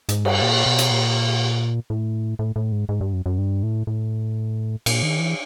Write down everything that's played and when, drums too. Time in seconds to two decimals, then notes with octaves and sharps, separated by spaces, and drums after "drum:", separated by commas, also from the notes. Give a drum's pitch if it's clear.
0.09 G#2, drum: hi-hat
0.25 G2, drum: cymbal
0.42 A#2
0.66 B2
0.78 drum: hi-hat
0.91 A#2
1.90 A2
2.39 A2
2.56 A2
2.72 G#2
2.89 G#2
3.01 G2
3.13 F#2
3.26 F#2
3.38 G2
3.63 A2
3.87 A2
4.86 A#2, drum: cymbal
5.03 D#3
5.20 E3